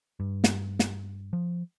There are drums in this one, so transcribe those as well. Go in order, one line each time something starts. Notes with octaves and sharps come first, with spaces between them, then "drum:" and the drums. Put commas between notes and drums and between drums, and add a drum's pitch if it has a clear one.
G2
drum: snare
drum: snare
F3